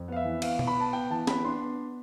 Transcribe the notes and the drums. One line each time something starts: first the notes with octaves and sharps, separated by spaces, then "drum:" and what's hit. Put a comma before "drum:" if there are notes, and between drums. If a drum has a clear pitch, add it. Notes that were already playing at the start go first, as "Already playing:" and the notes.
Already playing: F2
B3 F5
E5
E3
B3 F5, drum: cymbal
B3, drum: tom B2
B5
B3 A5
B3 G5
E3 A5
B3 B5, drum: snare
D4 C6
B3